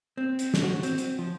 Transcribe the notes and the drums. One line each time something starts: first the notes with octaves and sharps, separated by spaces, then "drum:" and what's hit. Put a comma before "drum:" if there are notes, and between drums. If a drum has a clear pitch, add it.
C4
drum: hi-hat
drum: snare
F#4
C4, drum: hi-hat
drum: hi-hat
F3